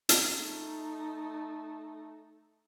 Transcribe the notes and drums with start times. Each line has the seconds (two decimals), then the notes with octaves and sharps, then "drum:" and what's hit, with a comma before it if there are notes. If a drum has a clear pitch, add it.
0.09 drum: hi-hat
0.23 A3 D#4